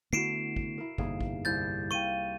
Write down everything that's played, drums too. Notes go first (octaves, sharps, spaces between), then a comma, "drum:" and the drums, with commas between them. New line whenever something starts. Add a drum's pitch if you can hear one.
D3 A3 B3 E4 F#4 C7 D7 E7
drum: kick
E4 A#4
G1 F2 C3 A#3 D#4 G#4, drum: kick
drum: kick
C2 E4 G6 A6
A#4 F5 G5 C#6 D#7